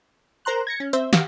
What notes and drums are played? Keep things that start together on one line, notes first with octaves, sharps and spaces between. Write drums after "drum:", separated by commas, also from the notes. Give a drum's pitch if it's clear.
A#4 C5 A#5 C6 F#6
G#6 A#6 C#7
C#4
C4 C5 E5, drum: hi-hat
F#4 G4 F5, drum: snare